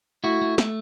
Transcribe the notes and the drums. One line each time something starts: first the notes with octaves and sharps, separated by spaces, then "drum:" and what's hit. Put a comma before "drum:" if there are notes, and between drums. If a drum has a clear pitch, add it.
A3 E4 F#4
A3
A3, drum: snare